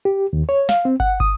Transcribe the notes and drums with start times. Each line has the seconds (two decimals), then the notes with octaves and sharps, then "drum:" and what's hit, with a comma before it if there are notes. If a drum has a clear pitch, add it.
0.05 G4
0.33 D#2
0.49 C#5
0.69 F5, drum: snare
0.85 C4
1.00 F#5, drum: kick
1.20 D#6, drum: kick